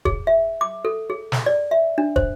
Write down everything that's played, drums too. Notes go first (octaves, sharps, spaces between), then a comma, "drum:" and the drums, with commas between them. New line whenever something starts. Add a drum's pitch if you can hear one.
G#4, drum: kick
E5
D6
A4
G#4
drum: snare
D5
E5
D4
C5, drum: kick